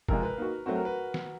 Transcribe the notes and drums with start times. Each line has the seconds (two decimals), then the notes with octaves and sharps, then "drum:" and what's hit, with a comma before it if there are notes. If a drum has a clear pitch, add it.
0.09 C3 F3 G#3 A#4, drum: kick
0.23 B4
0.38 A#3 D#4 F#4
0.66 F#3 A3 C4 F#4
0.76 A#4
0.85 B4
1.14 drum: snare